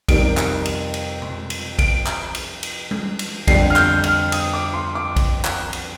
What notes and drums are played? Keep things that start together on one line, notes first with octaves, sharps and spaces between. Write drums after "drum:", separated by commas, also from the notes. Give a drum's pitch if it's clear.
F2 C3 D#3 G3 D7, drum: kick, cymbal
drum: clap
drum: cymbal
drum: cymbal
drum: tom
drum: cymbal
D7, drum: kick, cymbal
drum: clap
drum: cymbal
drum: cymbal
drum: tom G3
drum: cymbal
F2 D3 G3 C7, drum: kick, cymbal
F6
G6, drum: clap
F6, drum: cymbal
D#6, drum: cymbal
D6
C6
D6
drum: kick, cymbal
drum: clap
drum: cymbal